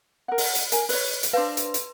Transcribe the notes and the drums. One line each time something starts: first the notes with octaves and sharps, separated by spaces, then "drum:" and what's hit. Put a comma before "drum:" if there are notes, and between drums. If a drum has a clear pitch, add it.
A#4 F#5
drum: open hi-hat
drum: hi-hat
A#4 G#5, drum: hi-hat
B4 C#5, drum: open hi-hat
drum: hi-hat
D4 B4 C5 F5 C6
drum: hi-hat
drum: hi-hat